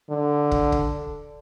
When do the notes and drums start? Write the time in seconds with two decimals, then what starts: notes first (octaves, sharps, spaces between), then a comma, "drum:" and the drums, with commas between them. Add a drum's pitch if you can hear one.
0.10 D3
0.51 drum: kick
0.72 drum: kick